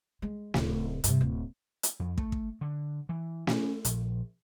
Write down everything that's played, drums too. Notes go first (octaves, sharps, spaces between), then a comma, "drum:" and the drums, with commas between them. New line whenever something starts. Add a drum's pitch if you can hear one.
G#3
D1 C#3, drum: snare
G2 C3, drum: hi-hat
D1
drum: hi-hat
F2
A3, drum: kick
drum: kick
D3
E3
C#4, drum: snare
A#1, drum: hi-hat